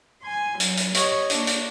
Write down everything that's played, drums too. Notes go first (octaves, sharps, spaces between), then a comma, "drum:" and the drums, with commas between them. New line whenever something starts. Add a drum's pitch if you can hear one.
G#5 C6
F#3, drum: hi-hat
drum: hi-hat
G4 C#5 D#5 C#6 G#6, drum: hi-hat
A#3 D4, drum: hi-hat
drum: hi-hat